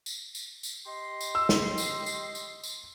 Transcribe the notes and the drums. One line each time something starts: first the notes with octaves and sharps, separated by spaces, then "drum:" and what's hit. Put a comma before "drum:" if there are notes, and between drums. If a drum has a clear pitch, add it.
drum: tambourine
drum: tambourine
drum: tambourine
G4 D#5 C6
drum: tambourine
E6
drum: snare
drum: tambourine
drum: tambourine
drum: tambourine
drum: tambourine